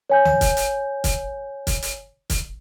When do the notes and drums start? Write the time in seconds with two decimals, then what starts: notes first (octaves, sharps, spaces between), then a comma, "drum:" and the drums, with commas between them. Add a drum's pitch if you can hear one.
0.10 C#5 G#5 G6
0.25 drum: tom C2
0.41 drum: kick, hi-hat
0.57 drum: hi-hat
1.04 drum: kick, hi-hat
1.67 drum: kick, hi-hat
1.82 drum: hi-hat
2.30 drum: kick, hi-hat